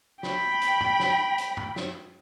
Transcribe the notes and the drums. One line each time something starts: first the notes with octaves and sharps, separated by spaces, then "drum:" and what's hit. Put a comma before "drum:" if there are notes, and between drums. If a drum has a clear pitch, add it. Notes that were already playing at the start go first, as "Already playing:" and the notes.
G5 B5, drum: snare
drum: hi-hat
drum: tom
drum: snare
drum: hi-hat
drum: tom
drum: snare